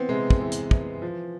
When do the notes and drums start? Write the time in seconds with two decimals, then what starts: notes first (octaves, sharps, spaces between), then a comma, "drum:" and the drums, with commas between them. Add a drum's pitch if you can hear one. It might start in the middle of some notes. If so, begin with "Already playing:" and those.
Already playing: E3 B3 C4
0.09 C3 G#3
0.30 drum: kick
0.40 E3
0.52 drum: hi-hat
0.71 E3, drum: kick
1.02 F3